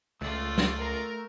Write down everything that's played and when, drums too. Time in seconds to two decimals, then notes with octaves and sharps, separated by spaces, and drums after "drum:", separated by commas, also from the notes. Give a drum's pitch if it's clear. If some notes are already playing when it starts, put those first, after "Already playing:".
0.21 C#2 A3 F4 D5
0.58 drum: snare
0.78 A#4